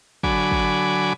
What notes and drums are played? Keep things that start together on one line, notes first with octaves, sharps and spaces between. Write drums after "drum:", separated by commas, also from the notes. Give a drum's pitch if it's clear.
D3 F#3 G#5 B5 D6, drum: kick
drum: kick